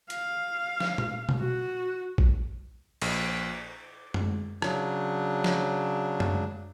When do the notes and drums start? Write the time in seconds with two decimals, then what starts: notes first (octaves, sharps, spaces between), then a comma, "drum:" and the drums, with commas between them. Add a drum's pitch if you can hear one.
0.10 F5, drum: hi-hat
0.80 drum: snare
0.98 drum: tom A#2
1.29 drum: tom B2
1.39 F#4
2.18 drum: kick A1
3.02 A#1, drum: cymbal
4.14 drum: tom F#2
4.62 C#3 F#3 D4, drum: rim click
5.44 drum: snare
6.20 drum: tom F#2